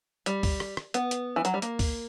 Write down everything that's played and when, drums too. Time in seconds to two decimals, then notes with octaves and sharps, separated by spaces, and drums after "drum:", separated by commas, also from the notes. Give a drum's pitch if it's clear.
0.26 G3, drum: hi-hat
0.43 drum: kick, open hi-hat
0.60 drum: rim click
0.77 drum: rim click
0.94 B3, drum: hi-hat
1.11 drum: hi-hat
1.36 E3
1.45 F#3, drum: hi-hat
1.54 G3
1.62 A#3, drum: hi-hat
1.79 drum: kick, open hi-hat